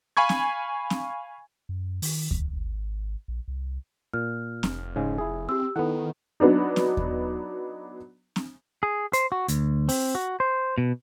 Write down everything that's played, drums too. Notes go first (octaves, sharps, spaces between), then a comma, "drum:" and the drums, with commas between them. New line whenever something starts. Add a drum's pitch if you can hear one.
F5 G#5 B5 C#6 G#6
drum: snare
drum: snare
F#2
D#3, drum: open hi-hat
C#2, drum: kick D#2
G#1
A#1
C2
A#2 F6
F1, drum: snare
G#2 C#3 G#3
E4 G#4
C4 G4 E6
D#3 B3 E4 A4 F#5
F#3 B3 D4 D#4
drum: snare
drum: kick D#2
drum: snare
G#4
C5, drum: hi-hat
F#4
D2, drum: hi-hat
C4, drum: open hi-hat
F#4
C5
B2